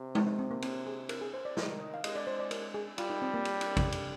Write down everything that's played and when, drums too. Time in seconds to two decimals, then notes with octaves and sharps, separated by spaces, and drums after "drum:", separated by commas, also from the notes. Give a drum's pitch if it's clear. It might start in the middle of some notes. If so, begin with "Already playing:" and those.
Already playing: C3
0.15 G4, drum: tom G#3
0.27 D#4
0.39 C4
0.51 A#3
0.62 C4, drum: cymbal
0.86 G#4
1.09 A#4, drum: cymbal
1.22 G#4
1.34 C5
1.45 D5
1.57 D#3 D#5, drum: snare
1.80 D#5
1.94 F5
2.04 G#3 D#5, drum: cymbal
2.16 D5
2.27 C5
2.39 D5
2.51 A#4, drum: cymbal
2.74 G#4
2.98 G3 F4, drum: cymbal
3.10 D#4
3.22 C4
3.34 A#3
3.45 drum: cymbal
3.61 drum: cymbal
3.77 drum: kick A1, cymbal
3.92 drum: cymbal